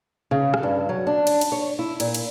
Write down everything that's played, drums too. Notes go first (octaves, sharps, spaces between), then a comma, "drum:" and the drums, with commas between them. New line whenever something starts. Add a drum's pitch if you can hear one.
C#3
drum: rim click
G2
F#3
D4
drum: cymbal
drum: cymbal
C#5
E4
A#2, drum: cymbal
drum: cymbal